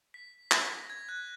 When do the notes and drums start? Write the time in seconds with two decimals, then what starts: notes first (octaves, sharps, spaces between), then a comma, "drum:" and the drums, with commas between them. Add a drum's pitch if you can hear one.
0.14 B6
0.51 A#6, drum: clap
0.71 B6
0.90 G#6
1.09 F#6